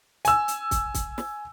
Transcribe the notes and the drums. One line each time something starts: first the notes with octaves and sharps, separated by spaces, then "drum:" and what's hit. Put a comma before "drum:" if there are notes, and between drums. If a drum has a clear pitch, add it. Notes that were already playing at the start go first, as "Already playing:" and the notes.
G#5 E6, drum: hi-hat
drum: hi-hat
drum: kick, hi-hat
drum: kick, hi-hat
drum: snare